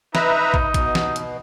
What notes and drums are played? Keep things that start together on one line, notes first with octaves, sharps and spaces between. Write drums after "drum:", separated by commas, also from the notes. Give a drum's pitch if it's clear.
D#4 B4 E5 A#5, drum: snare
drum: kick
B2, drum: kick, hi-hat
drum: snare
drum: hi-hat